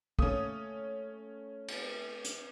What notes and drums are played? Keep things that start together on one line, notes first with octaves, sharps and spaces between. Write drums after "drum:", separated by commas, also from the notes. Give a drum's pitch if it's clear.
A3 A#3 C#4 D#6, drum: kick
drum: cymbal
drum: hi-hat